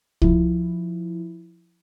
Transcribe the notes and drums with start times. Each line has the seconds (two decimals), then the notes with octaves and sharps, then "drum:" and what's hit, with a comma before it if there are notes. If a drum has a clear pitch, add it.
0.22 F3 E4, drum: kick C2